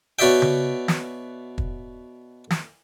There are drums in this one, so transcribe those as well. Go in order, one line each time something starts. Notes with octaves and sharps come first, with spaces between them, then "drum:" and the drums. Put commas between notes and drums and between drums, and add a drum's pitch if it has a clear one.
B2 F#4 C#5 D5 E5 G5
drum: tom C#3
drum: snare
drum: kick
drum: snare